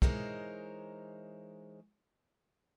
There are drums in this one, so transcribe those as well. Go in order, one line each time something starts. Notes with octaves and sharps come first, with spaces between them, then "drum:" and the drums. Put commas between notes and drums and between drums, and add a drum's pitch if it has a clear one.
E3 G#3 D#4 A#4 C5 C#5, drum: kick